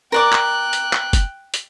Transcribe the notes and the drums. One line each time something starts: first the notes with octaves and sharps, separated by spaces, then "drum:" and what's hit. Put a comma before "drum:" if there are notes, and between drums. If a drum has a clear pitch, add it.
A#4 D5 G5 D6 F#6
drum: clap
drum: hi-hat
drum: clap
drum: kick, hi-hat
drum: hi-hat